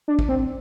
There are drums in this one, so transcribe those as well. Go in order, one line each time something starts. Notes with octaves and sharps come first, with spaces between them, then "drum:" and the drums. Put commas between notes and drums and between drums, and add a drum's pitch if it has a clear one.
D4
drum: kick
C4